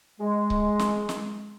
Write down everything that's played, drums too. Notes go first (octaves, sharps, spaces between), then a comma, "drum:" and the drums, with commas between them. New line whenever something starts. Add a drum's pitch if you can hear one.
G#3
drum: kick C#1
drum: snare
drum: snare